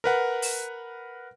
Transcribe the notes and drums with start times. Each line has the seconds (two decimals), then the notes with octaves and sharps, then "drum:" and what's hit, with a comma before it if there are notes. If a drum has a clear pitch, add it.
0.04 A#4 B4 F#5
0.42 drum: open hi-hat